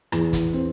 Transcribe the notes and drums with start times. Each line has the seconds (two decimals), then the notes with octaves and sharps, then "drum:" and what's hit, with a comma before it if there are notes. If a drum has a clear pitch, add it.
0.12 E2, drum: rim click
0.33 drum: kick, hi-hat
0.53 C4